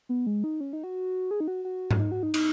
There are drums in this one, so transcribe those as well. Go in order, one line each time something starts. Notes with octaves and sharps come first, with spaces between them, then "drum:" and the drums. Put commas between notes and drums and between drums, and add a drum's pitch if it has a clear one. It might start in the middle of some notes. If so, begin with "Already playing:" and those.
B3
G#3
D#4
C#4
D#4
F#4
G#4
D#4
F#4
F#4
drum: tom G#2
D#4
F#4
D#4
D#4, drum: cymbal